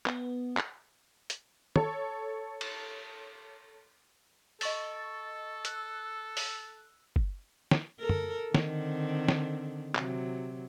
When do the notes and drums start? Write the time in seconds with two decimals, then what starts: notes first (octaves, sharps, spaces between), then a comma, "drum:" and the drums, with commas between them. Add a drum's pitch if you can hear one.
0.06 B3, drum: clap
0.57 drum: clap
1.30 drum: hi-hat
1.76 A4 C#5, drum: tom
2.61 drum: cymbal
4.61 A4 D#5 C#6 A6, drum: open hi-hat
5.65 E6 F#6, drum: hi-hat
6.37 drum: open hi-hat
7.16 drum: kick F#1
7.71 drum: snare
8.00 A4 A#4
8.09 drum: tom
8.54 D3 D#3 C4, drum: snare
9.29 drum: snare
9.95 C3 F#3, drum: clap